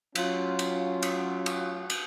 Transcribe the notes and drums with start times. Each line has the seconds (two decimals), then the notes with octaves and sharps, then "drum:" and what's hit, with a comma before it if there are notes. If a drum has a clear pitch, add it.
0.15 F#3 C#4 F4, drum: cymbal
0.59 drum: cymbal
1.03 drum: cymbal
1.46 drum: cymbal
1.90 drum: cymbal